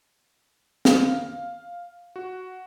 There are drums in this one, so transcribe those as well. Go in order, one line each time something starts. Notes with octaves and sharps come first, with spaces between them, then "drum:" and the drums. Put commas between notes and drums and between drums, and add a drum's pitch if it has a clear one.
F5, drum: snare
F#4